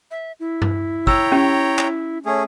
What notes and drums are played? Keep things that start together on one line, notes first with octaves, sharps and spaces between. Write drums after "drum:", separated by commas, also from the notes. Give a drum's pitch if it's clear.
E5
E4
drum: tom G2
C#5 G5 A#5 E6, drum: kick
C#4 G4
drum: clap
A3 C#4 G#4 C#5